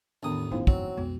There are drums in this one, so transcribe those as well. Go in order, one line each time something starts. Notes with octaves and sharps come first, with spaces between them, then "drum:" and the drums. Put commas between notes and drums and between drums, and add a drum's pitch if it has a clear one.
A1 E2 D#3 B3 D4 D#6
G1 F3 A3 B3 C#4 D#4 E4
F#1 F2 G#2 F#3 C4, drum: kick
B1 F2 G#3 B3 F#4